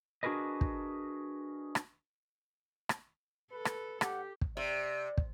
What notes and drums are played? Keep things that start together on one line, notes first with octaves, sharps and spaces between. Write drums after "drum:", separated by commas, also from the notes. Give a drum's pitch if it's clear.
D4 F#4 G#4 A#4 B4 D#5
drum: kick
drum: rim click
drum: rim click
A4 B4
drum: rim click
G2 G4 F#5, drum: rim click
drum: kick
C3 D5
drum: kick